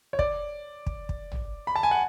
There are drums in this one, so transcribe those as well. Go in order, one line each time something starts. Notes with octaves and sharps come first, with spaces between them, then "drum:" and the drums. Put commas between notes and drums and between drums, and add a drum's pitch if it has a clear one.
C#5
D5, drum: kick
drum: kick
drum: kick
drum: tom
B5
A5
G#5
F#5